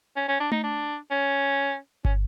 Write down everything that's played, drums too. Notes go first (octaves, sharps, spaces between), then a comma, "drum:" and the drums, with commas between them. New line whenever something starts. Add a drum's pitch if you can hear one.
C#4
C#4
D4
D#4, drum: tom A3
D4
C#4
C#4, drum: kick